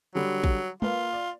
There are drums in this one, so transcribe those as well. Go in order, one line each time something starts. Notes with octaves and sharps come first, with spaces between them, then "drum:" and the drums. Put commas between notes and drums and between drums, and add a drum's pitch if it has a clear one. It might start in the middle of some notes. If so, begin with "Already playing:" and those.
D3 F#3 G3
drum: kick
A#3 F4 B4 F5, drum: tom
D5